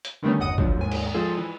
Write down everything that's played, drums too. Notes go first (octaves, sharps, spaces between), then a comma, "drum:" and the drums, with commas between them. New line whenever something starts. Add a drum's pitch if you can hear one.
drum: hi-hat
D3 D#3 G3 A3 B3 C#4
G1 E2 D#5 F#5 D#6 D#7
D2 D3 F3 F#3, drum: kick G1
D#2 G#2 G#5
drum: cymbal
F3 G#3 F4 G#4 A4
E3